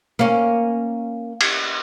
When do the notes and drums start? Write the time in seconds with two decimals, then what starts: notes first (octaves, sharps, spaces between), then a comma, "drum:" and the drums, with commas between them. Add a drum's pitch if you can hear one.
0.19 A#3 C#4
1.41 drum: cymbal